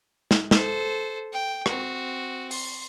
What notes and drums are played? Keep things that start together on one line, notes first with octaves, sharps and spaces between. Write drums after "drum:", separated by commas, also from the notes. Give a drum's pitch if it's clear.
drum: snare
A4 C5, drum: snare
G5
C4 F#4, drum: rim click
C6, drum: open hi-hat